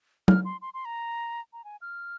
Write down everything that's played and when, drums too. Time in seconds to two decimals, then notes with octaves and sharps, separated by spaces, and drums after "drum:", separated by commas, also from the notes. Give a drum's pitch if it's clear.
0.28 F6, drum: tom
0.45 C6
0.62 C6
0.74 C6
0.85 A#5
1.53 A#5
1.64 G#5
1.82 F6